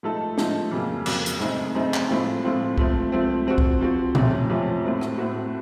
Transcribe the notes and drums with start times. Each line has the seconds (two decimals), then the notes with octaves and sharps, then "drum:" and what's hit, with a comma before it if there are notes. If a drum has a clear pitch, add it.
0.03 F3 A3 D#4 A4
0.38 F3 A3 D#4 A4, drum: snare
0.71 F2 C#3 F#3 A#3
1.06 F2 C#3 F#3 A#3, drum: cymbal
1.26 drum: hi-hat
1.40 F#2 C#3 A3 C4 D#4, drum: rim click
1.75 F#2 C#3 A3 C4 D#4
1.94 drum: clap
2.09 A2 F3 C4 F4
2.43 A2 F3 C4 F4
2.78 F3 A3 C4, drum: kick C2
3.12 F3 A3 C4
3.47 F3 C4 F#4
3.58 drum: kick C2
3.81 F3 C4 F#4
4.15 F2 C3 F3 A3 C#4, drum: tom A#2
4.49 F2 C3 F3 A3 C#4
4.84 A2 A3 C4 F#4
5.01 drum: rim click
5.18 A2 A3 C4 F#4